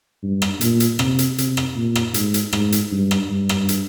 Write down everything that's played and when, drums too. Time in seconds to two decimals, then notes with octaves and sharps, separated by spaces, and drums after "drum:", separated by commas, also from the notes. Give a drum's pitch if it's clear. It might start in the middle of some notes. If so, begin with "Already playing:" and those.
0.23 G2
0.42 drum: rim click
0.61 A#2, drum: hi-hat
0.80 drum: hi-hat
0.99 C3, drum: rim click
1.19 drum: hi-hat
1.38 C3, drum: hi-hat
1.57 drum: rim click
1.76 A#2
1.95 drum: rim click
2.14 G#2, drum: hi-hat
2.34 drum: hi-hat
2.53 G#2, drum: rim click
2.72 drum: hi-hat
2.92 G2
3.11 drum: rim click
3.30 G2
3.49 drum: rim click
3.69 drum: hi-hat